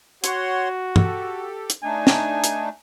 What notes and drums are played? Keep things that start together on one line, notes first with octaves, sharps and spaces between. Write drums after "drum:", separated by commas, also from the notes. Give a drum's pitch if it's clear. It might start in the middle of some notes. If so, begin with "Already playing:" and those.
F#4 C#5 F#5 C6, drum: hi-hat
G4 A4, drum: tom
drum: hi-hat
A3 D4 D#4 G#5
drum: snare
drum: hi-hat